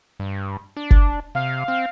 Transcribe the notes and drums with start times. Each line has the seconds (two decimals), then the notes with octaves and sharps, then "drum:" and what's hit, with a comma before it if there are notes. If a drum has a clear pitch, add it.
0.20 G2
0.77 D4
0.91 drum: kick F#1
1.35 C3 F5
1.68 C4